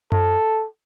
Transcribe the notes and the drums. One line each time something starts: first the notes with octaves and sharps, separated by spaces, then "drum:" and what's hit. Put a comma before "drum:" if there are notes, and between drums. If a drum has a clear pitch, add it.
A4, drum: tom F#2